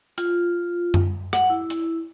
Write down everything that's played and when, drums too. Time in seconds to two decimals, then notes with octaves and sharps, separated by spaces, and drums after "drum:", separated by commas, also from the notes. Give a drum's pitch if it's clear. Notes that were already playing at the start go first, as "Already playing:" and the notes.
0.18 F4, drum: hi-hat
0.94 drum: tom F#2
1.33 F#5, drum: rim click
1.50 E4
1.70 drum: hi-hat